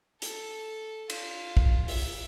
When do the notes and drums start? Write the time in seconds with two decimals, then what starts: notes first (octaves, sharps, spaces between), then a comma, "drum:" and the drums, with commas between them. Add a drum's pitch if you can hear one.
0.22 A4, drum: hi-hat
1.10 F4, drum: cymbal
1.57 drum: kick
1.88 E5, drum: open hi-hat